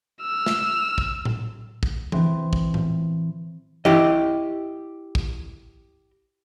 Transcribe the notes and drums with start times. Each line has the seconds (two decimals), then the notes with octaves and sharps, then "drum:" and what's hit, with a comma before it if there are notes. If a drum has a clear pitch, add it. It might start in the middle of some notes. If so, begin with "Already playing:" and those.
0.22 E6 F6
0.46 drum: snare
0.98 drum: kick
1.25 drum: tom A2
1.83 drum: kick
2.12 E3 C4, drum: tom E3
2.53 drum: kick
2.74 drum: tom A2
3.85 E4 G4 D#5, drum: tom E3
5.15 drum: kick